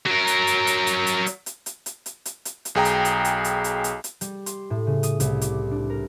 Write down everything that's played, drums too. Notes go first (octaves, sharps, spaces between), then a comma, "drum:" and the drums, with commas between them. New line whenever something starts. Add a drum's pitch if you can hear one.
F#3 A#4
drum: hi-hat
drum: hi-hat
drum: hi-hat
drum: hi-hat
drum: hi-hat
drum: hi-hat
drum: hi-hat
drum: hi-hat
drum: hi-hat
drum: hi-hat
drum: hi-hat
drum: hi-hat
drum: hi-hat
B1 G#4 G5 A#5
drum: hi-hat
drum: hi-hat
drum: hi-hat
drum: hi-hat
drum: hi-hat
drum: hi-hat
drum: hi-hat
G3, drum: hi-hat
C6, drum: hi-hat
A2
C#3
D#6, drum: hi-hat
C2, drum: hi-hat
D6, drum: hi-hat
D4
A#4